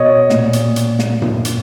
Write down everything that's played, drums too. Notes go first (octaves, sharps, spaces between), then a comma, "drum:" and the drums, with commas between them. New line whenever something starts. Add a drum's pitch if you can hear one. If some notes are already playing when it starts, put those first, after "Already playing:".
Already playing: B2 C#5 D#5
A#2, drum: snare
drum: hi-hat
drum: hi-hat
drum: snare
drum: tom G2
drum: hi-hat